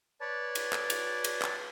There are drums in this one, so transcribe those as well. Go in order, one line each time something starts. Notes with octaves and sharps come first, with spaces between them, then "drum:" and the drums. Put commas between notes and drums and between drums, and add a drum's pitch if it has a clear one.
B4 C#5 D5 A5
drum: cymbal
drum: clap
drum: cymbal
drum: cymbal
drum: clap